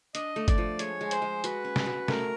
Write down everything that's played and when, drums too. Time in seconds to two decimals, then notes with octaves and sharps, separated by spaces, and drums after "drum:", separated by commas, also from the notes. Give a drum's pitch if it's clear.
0.15 D4 D#5, drum: hi-hat
0.36 A3
0.48 D5, drum: kick G1, hi-hat
0.58 F3
0.79 G#3 C#5, drum: hi-hat
1.01 G#3
1.11 C5, drum: hi-hat
1.22 G#3
1.44 F#4 B4, drum: hi-hat
1.65 C#4
1.76 drum: snare
1.86 F#4
2.08 A3 A#4, drum: snare